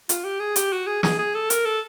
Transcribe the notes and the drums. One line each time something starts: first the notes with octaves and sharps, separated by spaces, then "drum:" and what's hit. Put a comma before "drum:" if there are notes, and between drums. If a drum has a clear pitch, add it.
F4, drum: hi-hat
G4
G#4
G4, drum: hi-hat
F#4
G#4
G#4, drum: snare
G#4
A4
A#4, drum: hi-hat
A4